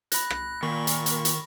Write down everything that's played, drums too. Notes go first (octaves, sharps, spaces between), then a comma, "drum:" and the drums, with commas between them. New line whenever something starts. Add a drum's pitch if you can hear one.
B5 F#6 A#6, drum: hi-hat
drum: rim click
A#2 D#3 C#6
drum: hi-hat
drum: hi-hat
drum: hi-hat